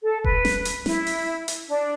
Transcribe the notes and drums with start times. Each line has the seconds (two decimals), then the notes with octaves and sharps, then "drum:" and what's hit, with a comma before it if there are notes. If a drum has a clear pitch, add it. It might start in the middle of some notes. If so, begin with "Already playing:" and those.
0.03 A4
0.24 B4, drum: kick E1
0.45 drum: snare
0.65 drum: hi-hat
0.86 E4, drum: snare
1.07 drum: open hi-hat
1.48 drum: hi-hat
1.68 D4